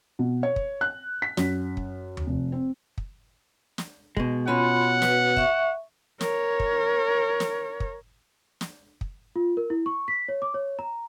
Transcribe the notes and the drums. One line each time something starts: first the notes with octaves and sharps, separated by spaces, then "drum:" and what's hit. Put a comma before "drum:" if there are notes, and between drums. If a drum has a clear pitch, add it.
B2
C#5
drum: kick
F#6
B6
F#2, drum: snare
drum: kick
drum: tom D#2
F1
C4
drum: kick
drum: snare
B2 G#3, drum: kick
B2 C#4 F4 F#5 B5 C6
F#4 B4, drum: snare
E5 C#6, drum: kick
A#4 C#5, drum: snare
drum: kick
drum: snare
drum: kick
drum: snare
drum: kick
F4
A#4
E4
C#6
B6
C#5
D6
C#5
A#5